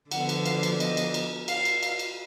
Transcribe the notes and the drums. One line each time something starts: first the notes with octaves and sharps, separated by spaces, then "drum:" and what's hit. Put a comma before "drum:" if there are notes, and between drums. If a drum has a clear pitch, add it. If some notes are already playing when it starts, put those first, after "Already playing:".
D3 F3 B3 F#5, drum: cymbal
drum: cymbal
F5, drum: cymbal
drum: cymbal
D#5, drum: cymbal
drum: cymbal
drum: cymbal
F5, drum: cymbal
drum: cymbal
F5, drum: cymbal
drum: cymbal